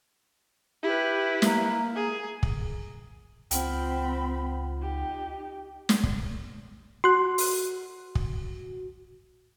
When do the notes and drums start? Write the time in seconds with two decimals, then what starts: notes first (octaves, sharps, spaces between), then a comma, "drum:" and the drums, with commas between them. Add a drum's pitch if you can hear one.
0.83 E4 G4 B4
1.42 A#3, drum: snare
1.96 G#4
2.43 drum: kick
3.51 C#2 C4 F4 F#5 G5 B5, drum: hi-hat
4.80 D#4 G4
5.89 drum: snare
6.03 drum: kick
7.04 F#4 C6 F#6
7.38 drum: open hi-hat
8.15 drum: kick